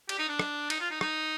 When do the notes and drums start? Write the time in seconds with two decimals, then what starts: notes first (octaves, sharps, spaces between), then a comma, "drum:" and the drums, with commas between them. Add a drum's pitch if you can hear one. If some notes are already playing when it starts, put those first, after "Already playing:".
0.09 G4, drum: cymbal
0.19 D#4
0.29 D4
0.39 drum: rim click
0.70 D#4, drum: cymbal
0.80 F4
0.91 D#4
1.01 D#4, drum: rim click